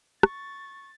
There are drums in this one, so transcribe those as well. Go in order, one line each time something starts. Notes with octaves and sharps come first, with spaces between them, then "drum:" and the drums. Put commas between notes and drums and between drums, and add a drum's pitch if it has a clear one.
C#6 A6, drum: rim click